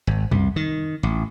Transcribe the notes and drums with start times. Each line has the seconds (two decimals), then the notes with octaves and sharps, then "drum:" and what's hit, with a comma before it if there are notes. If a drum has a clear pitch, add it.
0.07 G#1
0.31 C2, drum: tom F2
0.56 D#3
1.03 A1